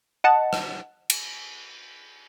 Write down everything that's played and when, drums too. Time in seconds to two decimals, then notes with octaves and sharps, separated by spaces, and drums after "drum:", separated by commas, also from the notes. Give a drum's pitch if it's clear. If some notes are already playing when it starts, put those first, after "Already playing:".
0.24 D#5 F#5 A5
0.53 drum: rim click
1.10 drum: cymbal